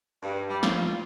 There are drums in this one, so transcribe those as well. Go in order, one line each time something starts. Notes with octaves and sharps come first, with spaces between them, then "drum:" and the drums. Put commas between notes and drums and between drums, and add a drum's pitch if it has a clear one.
G2
G3
F4, drum: snare